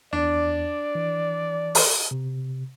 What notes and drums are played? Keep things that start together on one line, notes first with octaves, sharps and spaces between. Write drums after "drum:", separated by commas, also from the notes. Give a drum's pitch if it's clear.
E2 D4 D5
E3
drum: open hi-hat
C3